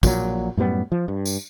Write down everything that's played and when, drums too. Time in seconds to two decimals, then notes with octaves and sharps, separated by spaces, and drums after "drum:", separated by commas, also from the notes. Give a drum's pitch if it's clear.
0.03 A#1 A#2 C#3 F#3, drum: kick, tambourine
0.57 F#2 A2 G3 B3
0.92 F3
1.08 G2
1.25 drum: tambourine